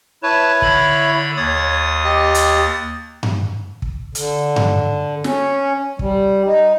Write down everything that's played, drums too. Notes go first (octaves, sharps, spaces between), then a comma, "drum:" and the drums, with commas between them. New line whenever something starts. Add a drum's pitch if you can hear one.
E4 B4 C#5 A5
D3 B5, drum: kick
D#2 C#5 D#6 A6
G4 D#5
drum: hi-hat
drum: tom G2
drum: kick
D3, drum: hi-hat
drum: tom G2
C#4, drum: snare
G3, drum: kick
D#4